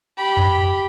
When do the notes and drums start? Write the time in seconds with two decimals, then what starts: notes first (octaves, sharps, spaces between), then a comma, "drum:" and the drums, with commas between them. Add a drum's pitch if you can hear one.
0.17 G4 B5
0.37 drum: tom F2